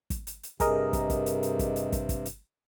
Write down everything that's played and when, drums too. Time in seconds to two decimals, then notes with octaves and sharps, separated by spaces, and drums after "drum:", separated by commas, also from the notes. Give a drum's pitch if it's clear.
0.10 drum: kick, hi-hat
0.27 drum: hi-hat
0.43 drum: hi-hat
0.60 G2 C3 G#4 A#4 D#5, drum: kick, hi-hat
0.93 drum: kick, hi-hat
1.10 drum: kick, hi-hat
1.26 drum: hi-hat
1.43 drum: hi-hat
1.59 drum: kick, hi-hat
1.76 drum: hi-hat
1.92 drum: kick, hi-hat
2.09 drum: kick, hi-hat
2.25 drum: hi-hat